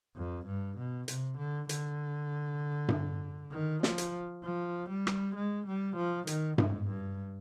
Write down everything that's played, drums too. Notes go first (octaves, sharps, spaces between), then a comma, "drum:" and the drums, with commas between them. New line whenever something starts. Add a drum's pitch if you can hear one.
F2
G2
B2
C3, drum: hi-hat
D3
D3, drum: hi-hat
drum: tom G2
D#3
F3, drum: snare
drum: hi-hat
F3
G3
drum: rim click
G#3
G3
F3
D#3, drum: hi-hat
G#2, drum: tom G2
G2